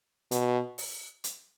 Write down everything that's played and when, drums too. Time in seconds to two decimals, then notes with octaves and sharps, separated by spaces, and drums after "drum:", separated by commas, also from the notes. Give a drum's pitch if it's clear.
0.31 B2, drum: hi-hat
0.78 drum: open hi-hat
1.24 drum: hi-hat